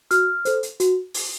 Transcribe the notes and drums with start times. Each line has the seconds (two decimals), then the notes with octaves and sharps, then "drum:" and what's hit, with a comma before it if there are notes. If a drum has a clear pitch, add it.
0.11 F#4 F6, drum: hi-hat
0.45 A4 C5, drum: hi-hat
0.63 drum: hi-hat
0.80 F#4, drum: hi-hat
1.14 drum: open hi-hat